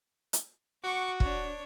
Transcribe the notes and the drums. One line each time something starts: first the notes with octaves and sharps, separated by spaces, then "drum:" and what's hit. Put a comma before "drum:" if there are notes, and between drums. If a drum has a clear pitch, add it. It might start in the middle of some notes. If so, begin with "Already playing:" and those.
drum: hi-hat
F#4 F#5 C#6 D6
D4 C#5, drum: kick